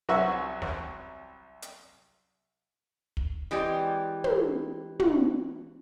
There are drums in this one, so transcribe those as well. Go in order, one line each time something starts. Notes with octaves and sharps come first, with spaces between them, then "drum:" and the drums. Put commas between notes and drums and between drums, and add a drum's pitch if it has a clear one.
C2 F#3 F#4 E5 C#6
drum: snare
drum: hi-hat
drum: kick
E3 G#3 C4 G4 D5
drum: tom
drum: tom